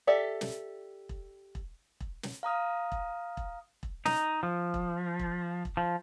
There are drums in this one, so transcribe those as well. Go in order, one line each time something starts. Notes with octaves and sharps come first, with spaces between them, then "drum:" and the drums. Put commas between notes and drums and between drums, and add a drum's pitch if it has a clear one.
G4 A4 D5 E5
drum: snare
drum: kick E1
drum: kick E1
drum: kick E1
drum: snare
F5 A#5 D#6 F6
drum: kick E1
drum: kick E1
drum: kick E1
D#4, drum: snare
F3
drum: kick E1
drum: kick E1
drum: kick E1
F3